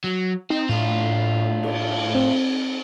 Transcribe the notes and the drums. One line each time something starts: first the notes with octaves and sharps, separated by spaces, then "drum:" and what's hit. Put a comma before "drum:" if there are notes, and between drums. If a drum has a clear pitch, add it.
F#3
C4 D#4
A2 D4 F4
drum: cymbal
C4